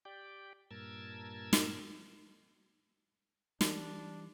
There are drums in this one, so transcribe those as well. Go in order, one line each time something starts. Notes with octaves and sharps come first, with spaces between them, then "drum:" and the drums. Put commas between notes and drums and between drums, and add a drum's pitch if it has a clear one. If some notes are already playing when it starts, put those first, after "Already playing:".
G4 D5 G5
G2 A#2 A#4 A5 E6 G#6
drum: snare
E3 G3 D4, drum: snare